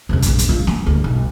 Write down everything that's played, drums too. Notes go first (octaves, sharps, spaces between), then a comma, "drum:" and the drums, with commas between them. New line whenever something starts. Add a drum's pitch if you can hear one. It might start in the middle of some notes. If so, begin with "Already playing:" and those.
F2 C3
A#1 F2, drum: hi-hat
drum: hi-hat
F4
B3, drum: snare
D2
B1